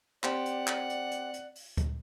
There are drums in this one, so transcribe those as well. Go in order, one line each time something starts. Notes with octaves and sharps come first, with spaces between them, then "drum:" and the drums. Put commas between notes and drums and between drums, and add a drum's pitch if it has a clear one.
C4 G4 C5 D5 F#5, drum: clap
drum: hi-hat
drum: clap
drum: hi-hat
drum: hi-hat
drum: hi-hat
drum: open hi-hat
drum: kick D2, hi-hat